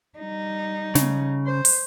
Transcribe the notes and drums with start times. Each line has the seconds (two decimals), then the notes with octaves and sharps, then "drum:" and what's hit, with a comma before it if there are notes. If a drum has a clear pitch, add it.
0.18 G3 D#4
0.95 C#3, drum: snare
1.46 C5
1.65 drum: open hi-hat